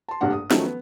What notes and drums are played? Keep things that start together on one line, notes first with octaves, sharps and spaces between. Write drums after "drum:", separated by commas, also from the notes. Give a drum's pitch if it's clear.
A5 C6
F1 A#1 G2 D4 F#5
D#6
D#3 F3 F#3 A3 C#4, drum: snare
B3